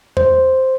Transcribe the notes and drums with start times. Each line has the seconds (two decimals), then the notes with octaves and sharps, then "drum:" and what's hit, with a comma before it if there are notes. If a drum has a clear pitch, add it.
0.17 C5, drum: tom E2